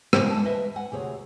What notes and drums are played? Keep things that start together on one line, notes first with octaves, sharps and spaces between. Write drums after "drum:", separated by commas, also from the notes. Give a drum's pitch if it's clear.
A2 C#3 E3 G#3 A#3 B3, drum: rim click
G#3 C4 A5
D#2 B4 D#5 E5
F#5 G#5
D2 C3 G#4 C#5